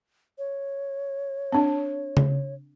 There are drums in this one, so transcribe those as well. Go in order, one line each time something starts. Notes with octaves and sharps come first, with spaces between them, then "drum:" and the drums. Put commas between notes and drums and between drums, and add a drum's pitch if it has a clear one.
C#5
C4 D4
drum: tom C#3